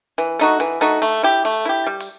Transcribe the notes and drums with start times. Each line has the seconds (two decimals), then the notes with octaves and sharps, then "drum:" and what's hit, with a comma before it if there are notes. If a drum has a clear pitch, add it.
0.18 E3
0.39 A3 D#4 F#4
0.60 E3, drum: hi-hat
0.81 A3 D#4 F#4
1.02 A3
1.23 E4 G4
1.45 A3, drum: hi-hat
1.65 E4 G4
1.86 G3
2.01 drum: open hi-hat